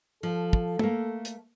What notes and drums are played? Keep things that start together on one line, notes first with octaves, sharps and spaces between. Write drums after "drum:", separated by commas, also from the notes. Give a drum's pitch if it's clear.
F3 A4
drum: kick
A3 A#3, drum: tom
drum: hi-hat